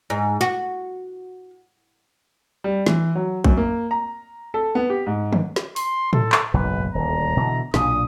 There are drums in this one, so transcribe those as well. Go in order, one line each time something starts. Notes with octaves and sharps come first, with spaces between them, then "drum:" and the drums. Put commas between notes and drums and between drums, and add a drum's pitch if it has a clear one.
G#2
F#4
G3
E3, drum: snare
F#3
F#2, drum: kick A#1
A#3
A#5
A4
B3
G4
G#2
drum: tom
drum: snare
C6, drum: open hi-hat
A4, drum: tom A2
drum: clap
F#1 B1 G#2 B4
D#1 D2 A#5
B2 D3 E3
B1 A#2 D4 D#6, drum: snare